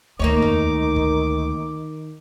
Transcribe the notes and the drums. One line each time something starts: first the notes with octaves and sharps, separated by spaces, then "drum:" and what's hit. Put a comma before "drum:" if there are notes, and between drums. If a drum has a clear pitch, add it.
D2 D#3 A#3 D#4 C#5 D6
drum: tom E2
drum: kick